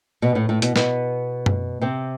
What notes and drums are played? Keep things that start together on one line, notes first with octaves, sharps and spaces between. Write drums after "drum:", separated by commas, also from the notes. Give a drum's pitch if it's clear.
B2 B3
A2 A3
A2 A3
B2 B3, drum: hi-hat
B2 B3, drum: snare
drum: tom F#2
C3 C4